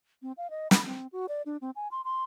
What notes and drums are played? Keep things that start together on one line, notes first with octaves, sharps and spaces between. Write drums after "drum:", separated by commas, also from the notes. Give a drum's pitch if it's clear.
C4
F5
D#5
B5, drum: snare
C4
F#4
D5
D4
C4
G#5
C6
C6